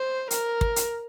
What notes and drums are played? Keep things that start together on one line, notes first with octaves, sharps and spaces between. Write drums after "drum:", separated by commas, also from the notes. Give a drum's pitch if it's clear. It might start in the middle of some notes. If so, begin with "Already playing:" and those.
Already playing: C5
A#4, drum: hi-hat
drum: kick
drum: hi-hat